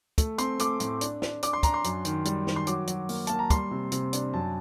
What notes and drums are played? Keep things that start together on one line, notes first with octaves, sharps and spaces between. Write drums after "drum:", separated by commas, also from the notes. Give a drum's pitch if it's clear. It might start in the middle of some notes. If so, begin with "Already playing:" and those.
A3, drum: kick, hi-hat
C4 C6, drum: hi-hat
A3 D6, drum: hi-hat
A2, drum: hi-hat
D4, drum: hi-hat
D4, drum: snare
D4 D6, drum: hi-hat
C6
D4 A#5, drum: kick, hi-hat
C6
F#2, drum: hi-hat
D#3, drum: hi-hat
G3, drum: hi-hat
D#3, drum: snare
C6
F#3 D6, drum: hi-hat
F#3, drum: hi-hat
A#3, drum: open hi-hat
A#3 A5, drum: hi-hat
A#5
G3 C6, drum: kick, hi-hat
C3
C3, drum: hi-hat
D4, drum: hi-hat
F#2 A5